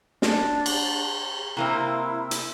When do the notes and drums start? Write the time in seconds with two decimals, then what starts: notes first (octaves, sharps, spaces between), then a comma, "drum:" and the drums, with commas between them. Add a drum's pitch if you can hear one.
0.22 D4, drum: snare
0.66 drum: cymbal
1.57 C3 A#3 C4 E4
2.31 drum: hi-hat